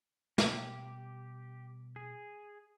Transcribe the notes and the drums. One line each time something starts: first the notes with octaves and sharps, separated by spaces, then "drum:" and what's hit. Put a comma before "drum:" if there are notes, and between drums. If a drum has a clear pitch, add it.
B2 G3 G4, drum: snare
G#4